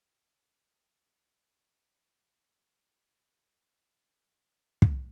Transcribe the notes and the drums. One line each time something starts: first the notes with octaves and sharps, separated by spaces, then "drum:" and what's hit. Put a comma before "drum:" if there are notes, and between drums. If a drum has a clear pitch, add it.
G2
C#2
E2
B3
G#2
A#1
G5
D4
F4 D5 E5 F#5
F#4 E5 C6
E2
G2 F3 B3 E4 C5 E5
drum: kick